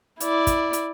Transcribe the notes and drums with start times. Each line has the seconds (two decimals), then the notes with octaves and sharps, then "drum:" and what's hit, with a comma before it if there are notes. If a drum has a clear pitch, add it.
0.21 E4 D5, drum: hi-hat
0.47 drum: kick, hi-hat
0.73 drum: hi-hat